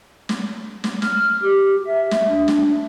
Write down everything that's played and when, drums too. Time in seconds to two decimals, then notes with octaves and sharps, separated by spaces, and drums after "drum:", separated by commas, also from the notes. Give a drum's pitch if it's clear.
0.29 drum: snare
0.84 drum: snare
1.02 F6, drum: snare
1.43 G4
1.87 E5
2.11 drum: snare
2.28 D4
2.48 drum: snare